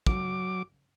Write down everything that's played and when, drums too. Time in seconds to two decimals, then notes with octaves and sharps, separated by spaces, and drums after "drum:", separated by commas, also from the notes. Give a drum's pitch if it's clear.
0.07 F#3 D6, drum: kick